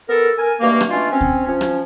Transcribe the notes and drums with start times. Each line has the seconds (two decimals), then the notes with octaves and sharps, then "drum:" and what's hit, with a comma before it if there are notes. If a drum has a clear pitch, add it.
0.09 B3 A4 A#4
0.39 A#4 G#5
0.60 G2 B2 A3 A#3
0.81 drum: rim click
0.91 B2 E3 A3 C#4 D4 F4
1.12 C4 C#4
1.21 drum: kick D2
1.46 F3 C#4
1.61 drum: rim click